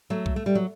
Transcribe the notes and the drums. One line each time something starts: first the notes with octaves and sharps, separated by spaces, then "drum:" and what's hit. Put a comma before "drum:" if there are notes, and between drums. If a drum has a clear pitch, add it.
F#3 A3
drum: kick C2
A3
G3
F#3